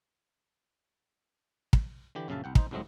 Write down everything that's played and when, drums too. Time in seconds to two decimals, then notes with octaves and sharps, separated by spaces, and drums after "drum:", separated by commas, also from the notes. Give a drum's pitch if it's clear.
1.73 drum: kick
2.15 D3 E3 G4
2.28 A#1 F#2 C#3 E5 F5 A5
2.44 C2 F#5 G5
2.55 D#4 C5, drum: kick
2.71 C2 G#2 F#3 A3 C4 D#5